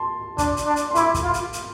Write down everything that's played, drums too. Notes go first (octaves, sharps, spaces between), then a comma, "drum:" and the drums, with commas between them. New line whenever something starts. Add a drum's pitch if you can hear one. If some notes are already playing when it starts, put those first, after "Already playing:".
Already playing: A5 C6
D4, drum: kick, hi-hat
drum: hi-hat
D4
drum: hi-hat
C6
E4 B5 D6, drum: hi-hat
drum: kick, hi-hat
F4
drum: hi-hat
drum: hi-hat